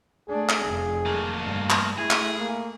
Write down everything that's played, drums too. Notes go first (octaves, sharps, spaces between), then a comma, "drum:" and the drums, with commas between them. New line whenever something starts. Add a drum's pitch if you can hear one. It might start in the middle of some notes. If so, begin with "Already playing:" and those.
A3 D4 G#4
drum: clap
F1 F2
A3 A#3
G2
drum: clap
A3 E4 G#4
drum: clap
A#3